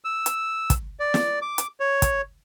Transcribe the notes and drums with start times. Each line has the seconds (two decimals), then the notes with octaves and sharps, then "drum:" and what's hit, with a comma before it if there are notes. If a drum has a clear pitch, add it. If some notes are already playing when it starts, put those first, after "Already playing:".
0.04 E6
0.26 drum: hi-hat
0.70 drum: kick, hi-hat
1.00 D5
1.14 drum: snare
1.42 D6
1.58 drum: hi-hat
1.80 C#5
2.02 drum: kick, hi-hat